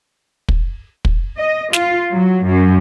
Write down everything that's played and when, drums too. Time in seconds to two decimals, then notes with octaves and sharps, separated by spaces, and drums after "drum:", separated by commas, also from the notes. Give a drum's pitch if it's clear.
0.49 drum: kick
1.05 drum: kick
1.37 D#5
1.73 F4, drum: snare
2.13 F#3
2.46 F#2